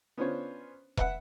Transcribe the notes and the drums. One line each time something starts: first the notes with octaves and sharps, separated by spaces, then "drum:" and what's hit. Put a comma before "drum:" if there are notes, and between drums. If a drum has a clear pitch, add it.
B3 C#4 D4 F4 C5 C#5
B4 E5 F#5, drum: kick